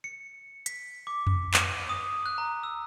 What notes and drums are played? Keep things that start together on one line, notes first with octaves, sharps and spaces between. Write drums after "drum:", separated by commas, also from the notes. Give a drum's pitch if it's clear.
C#7
B6, drum: hi-hat
D6
drum: tom F2
D#7, drum: clap
D#6
F#6
A#5
E6